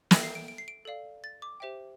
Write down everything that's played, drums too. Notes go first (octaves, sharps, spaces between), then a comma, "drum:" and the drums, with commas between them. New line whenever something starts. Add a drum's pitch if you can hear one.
A4 E5 G5 A#6, drum: snare
C7
D7
D7
C7
D7
A4 D5 F5
A6
D6
G4 C5 E5 G5